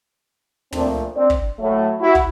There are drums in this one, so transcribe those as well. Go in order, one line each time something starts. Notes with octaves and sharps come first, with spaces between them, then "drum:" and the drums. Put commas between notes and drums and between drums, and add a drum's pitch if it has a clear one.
A#2 F3 A3 C4 D4, drum: tom
C4 D4
drum: kick
A2 F#3 A3
E4 F#4
drum: kick